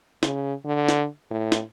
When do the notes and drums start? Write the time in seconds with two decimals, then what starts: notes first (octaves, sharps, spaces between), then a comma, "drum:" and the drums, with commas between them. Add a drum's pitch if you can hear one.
0.23 C#3, drum: snare
0.65 D3
0.89 drum: snare
1.31 A2
1.52 drum: snare